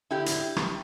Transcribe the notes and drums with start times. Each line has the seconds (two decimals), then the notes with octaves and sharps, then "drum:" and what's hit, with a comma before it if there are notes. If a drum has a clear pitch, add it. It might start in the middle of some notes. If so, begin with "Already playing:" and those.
0.11 D3 E4 G4
0.26 drum: hi-hat
0.56 drum: rim click